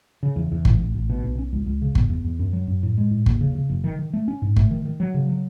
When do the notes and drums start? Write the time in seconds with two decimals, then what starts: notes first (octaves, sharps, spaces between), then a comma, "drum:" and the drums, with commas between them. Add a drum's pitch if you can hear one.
0.23 C#3
0.36 E2
0.52 E2
0.65 A1, drum: kick G1
0.80 A1
0.95 A1
1.10 B2
1.23 B1
1.39 C#4
1.53 C#2
1.66 C#2
1.82 C#3
1.95 E2, drum: kick G1
2.10 E2
2.24 E2
2.39 F#2
2.53 F#3
2.68 F#2
2.83 A2
2.98 G#3
3.11 A2
3.26 D#2, drum: kick G1
3.41 C#3
3.55 C#3
3.70 F#1
3.84 D#3
3.99 D#3
4.13 A3
4.28 C#4
4.42 G#2
4.56 A3, drum: kick G1
4.71 D#3
4.85 D#3
5.00 F#3
5.14 C#3
5.29 F#3